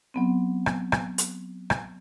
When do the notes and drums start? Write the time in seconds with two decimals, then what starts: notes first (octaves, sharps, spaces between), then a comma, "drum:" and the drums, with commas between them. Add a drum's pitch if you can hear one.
0.14 F#3 B3 C4
0.66 drum: rim click
0.92 drum: rim click
1.18 drum: hi-hat
1.70 drum: rim click